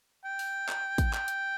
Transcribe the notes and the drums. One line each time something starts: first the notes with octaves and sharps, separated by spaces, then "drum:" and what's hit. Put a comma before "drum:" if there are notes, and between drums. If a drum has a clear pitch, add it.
G5
drum: open hi-hat
drum: clap
drum: kick, hi-hat
G5, drum: clap
drum: hi-hat